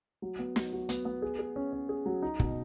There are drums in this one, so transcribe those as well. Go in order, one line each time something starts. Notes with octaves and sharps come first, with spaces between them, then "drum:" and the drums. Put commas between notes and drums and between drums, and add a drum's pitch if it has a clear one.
F#3
B3
F#3, drum: snare
F#4
B3, drum: hi-hat
B3
G#4
G#4
C#4
C#4
G#4
F#3
D#4
B2, drum: kick